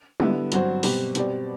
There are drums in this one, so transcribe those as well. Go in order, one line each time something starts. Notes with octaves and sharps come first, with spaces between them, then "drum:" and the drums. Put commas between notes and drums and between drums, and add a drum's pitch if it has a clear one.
D3 G3 B3 E4, drum: tom
G2 F#3 C4 F#4 C5, drum: hi-hat
B2 G3 C4 G4 B4, drum: open hi-hat
B2 G3 C4 G4 D5, drum: hi-hat